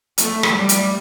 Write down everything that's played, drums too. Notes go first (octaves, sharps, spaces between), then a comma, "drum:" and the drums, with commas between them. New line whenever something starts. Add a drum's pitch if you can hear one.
A3, drum: hi-hat
drum: rim click
G3
drum: hi-hat